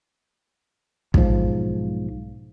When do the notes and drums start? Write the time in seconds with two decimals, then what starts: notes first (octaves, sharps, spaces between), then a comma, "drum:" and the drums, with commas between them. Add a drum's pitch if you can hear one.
1.14 B1 G#2 F3, drum: kick